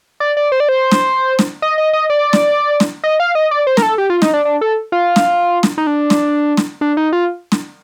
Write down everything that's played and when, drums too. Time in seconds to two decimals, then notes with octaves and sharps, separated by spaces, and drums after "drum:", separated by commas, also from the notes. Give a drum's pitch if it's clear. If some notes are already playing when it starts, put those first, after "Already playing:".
0.20 D5
0.37 D5
0.52 C5
0.60 D5
0.69 C5
0.91 drum: snare
1.39 drum: snare
1.62 D#5
1.78 D#5
1.93 D#5
2.10 D5
2.33 drum: snare
2.80 drum: snare
3.04 D#5
3.20 F5
3.35 D#5
3.51 D5
3.67 C5
3.77 A#4, drum: snare
3.82 A4
3.98 G4
4.10 F4
4.22 D#4, drum: snare
4.34 D4
4.45 D4
4.61 A4
4.92 F4
5.16 drum: snare
5.63 drum: snare
5.78 D#4
5.87 D4
6.10 drum: snare
6.57 drum: snare
6.81 D4
6.97 D#4
7.13 F4
7.52 drum: snare